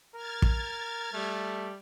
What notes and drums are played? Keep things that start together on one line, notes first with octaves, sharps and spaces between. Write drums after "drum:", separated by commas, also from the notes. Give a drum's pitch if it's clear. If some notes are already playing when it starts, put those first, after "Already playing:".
A#4 F6 G#6 A6
drum: kick
G3 A3